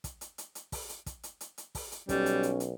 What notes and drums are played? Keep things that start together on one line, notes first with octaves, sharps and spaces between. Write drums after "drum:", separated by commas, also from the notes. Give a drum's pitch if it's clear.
drum: kick, hi-hat
drum: hi-hat
drum: hi-hat
drum: hi-hat
drum: kick, open hi-hat
drum: hi-hat
drum: kick, hi-hat
drum: hi-hat
drum: hi-hat
drum: hi-hat
drum: kick, open hi-hat
drum: hi-hat
B1 G3 C#4, drum: kick, hi-hat
drum: hi-hat
drum: hi-hat
drum: hi-hat